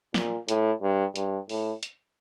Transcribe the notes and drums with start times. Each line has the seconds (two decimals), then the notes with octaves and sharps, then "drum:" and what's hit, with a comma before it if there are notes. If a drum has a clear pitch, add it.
0.14 A#2, drum: snare
0.48 A2, drum: hi-hat
0.82 G2
1.16 G2, drum: hi-hat
1.49 A2, drum: open hi-hat
1.83 drum: hi-hat